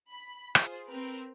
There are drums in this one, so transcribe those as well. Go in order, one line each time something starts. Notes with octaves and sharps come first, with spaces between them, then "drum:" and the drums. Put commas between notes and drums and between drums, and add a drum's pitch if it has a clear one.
B5
F4 G#4 C5, drum: rim click
C4 A#4 B4